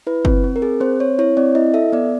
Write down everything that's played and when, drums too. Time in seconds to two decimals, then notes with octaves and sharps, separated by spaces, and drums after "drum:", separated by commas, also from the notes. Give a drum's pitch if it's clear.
0.07 E4 B4
0.25 C4, drum: kick
0.44 C4
0.56 A#4
0.62 G#4
0.81 C4 C5
0.99 C4 C#5
1.19 E4 C#5
1.37 C4 D5
1.55 E4 D#5
1.74 A4 E5
1.93 B3 D5